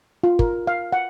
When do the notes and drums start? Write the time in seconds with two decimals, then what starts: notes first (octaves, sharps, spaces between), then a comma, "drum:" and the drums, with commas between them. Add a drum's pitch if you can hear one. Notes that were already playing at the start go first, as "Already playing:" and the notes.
0.24 F4
0.39 A#4, drum: kick
0.67 F5
0.93 F#5